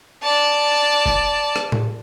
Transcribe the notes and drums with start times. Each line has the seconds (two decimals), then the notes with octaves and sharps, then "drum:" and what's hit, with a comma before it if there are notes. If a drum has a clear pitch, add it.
0.22 D5 A5
1.06 drum: kick
1.56 drum: rim click
1.72 drum: tom A2